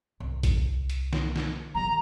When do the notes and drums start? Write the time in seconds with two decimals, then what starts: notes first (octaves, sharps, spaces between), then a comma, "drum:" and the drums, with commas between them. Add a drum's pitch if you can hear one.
0.20 C2
0.43 drum: kick A#1, hi-hat
0.90 drum: hi-hat
1.13 drum: snare
1.36 drum: snare
1.75 D#3 G3 A#5